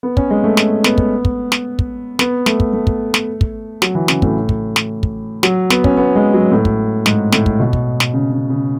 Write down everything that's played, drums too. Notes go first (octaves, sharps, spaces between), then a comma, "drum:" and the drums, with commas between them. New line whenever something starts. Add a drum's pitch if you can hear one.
B3
C#4, drum: kick
G#3
A3
drum: snare
B3, drum: snare
drum: kick
drum: kick
drum: snare
drum: kick
B3, drum: snare
A3, drum: snare
drum: kick
A3
drum: kick
drum: snare
drum: kick
F#3, drum: snare
E3
C#3, drum: snare
A2, drum: kick
drum: kick
drum: snare
drum: kick
F#3, drum: snare
B3, drum: snare
C#4, drum: kick
B3
G#3
F#3
A2
drum: kick
G#2, drum: snare
A2, drum: snare
drum: kick
B2
drum: kick
drum: snare
C#3
C#3
C#3